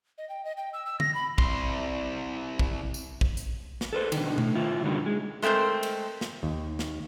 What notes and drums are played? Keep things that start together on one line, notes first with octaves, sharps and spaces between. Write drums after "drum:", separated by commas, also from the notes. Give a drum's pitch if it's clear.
D#5
G5
D#5
G5
E6
E6
A#6, drum: tom D3
B5
C2 C6, drum: kick
drum: kick
drum: tambourine
drum: kick
drum: hi-hat
drum: snare
A4 B4 C5
B2 D3 D#3, drum: cymbal
A2, drum: tom B2
D#3 E4 F4
F#2 D3 D#3 F#3 G3
G#3
G#3 A3 C4 A#4 C5
drum: cymbal
drum: snare
D#2
drum: snare